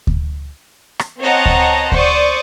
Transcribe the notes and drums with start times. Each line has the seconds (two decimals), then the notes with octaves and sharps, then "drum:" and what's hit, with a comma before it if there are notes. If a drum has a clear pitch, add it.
0.07 drum: kick D2
0.99 drum: rim click
1.21 C4 C#5 D#5 F#5 A5 A#5
1.46 drum: kick D2
1.92 C5 D5 C#6 D#6, drum: kick D2